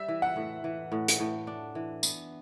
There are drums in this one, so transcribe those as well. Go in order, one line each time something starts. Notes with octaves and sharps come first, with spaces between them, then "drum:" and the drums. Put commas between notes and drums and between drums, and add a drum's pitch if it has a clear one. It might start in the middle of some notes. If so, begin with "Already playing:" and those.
Already playing: G3 E5
E3
F#5
A2
E3
A2
drum: hi-hat
A2
D4
E3
B3, drum: tambourine